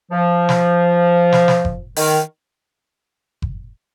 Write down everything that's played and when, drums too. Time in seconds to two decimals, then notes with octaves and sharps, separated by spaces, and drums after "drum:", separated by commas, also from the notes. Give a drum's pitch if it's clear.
0.12 F3
0.49 drum: snare
1.32 drum: snare
1.48 drum: snare
1.65 drum: kick F#1
1.96 D#3, drum: open hi-hat
3.42 drum: kick F#1